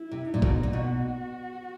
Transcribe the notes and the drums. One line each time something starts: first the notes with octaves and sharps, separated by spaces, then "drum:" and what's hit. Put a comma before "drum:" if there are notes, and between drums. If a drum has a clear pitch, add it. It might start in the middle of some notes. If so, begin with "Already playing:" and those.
Already playing: E4
C3
D#4
A#2
B2, drum: kick
A#2
B2 F#4